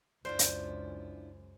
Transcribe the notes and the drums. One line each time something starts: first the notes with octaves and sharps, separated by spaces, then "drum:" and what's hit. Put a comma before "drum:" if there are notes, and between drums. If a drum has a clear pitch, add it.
C#2 F#2 D4 E4 F4 C5
drum: hi-hat